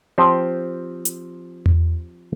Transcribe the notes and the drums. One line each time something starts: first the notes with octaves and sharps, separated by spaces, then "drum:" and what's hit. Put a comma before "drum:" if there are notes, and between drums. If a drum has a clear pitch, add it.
F3 C4 G4 C5
drum: hi-hat
drum: tom E2